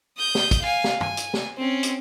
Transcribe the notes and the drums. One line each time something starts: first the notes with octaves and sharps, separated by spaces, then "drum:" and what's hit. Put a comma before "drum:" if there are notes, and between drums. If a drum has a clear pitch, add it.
D#6 G6
drum: snare
drum: kick, hi-hat
F5 G#5
drum: snare
G#5, drum: tom
drum: hi-hat
drum: snare
C4 C#4
drum: hi-hat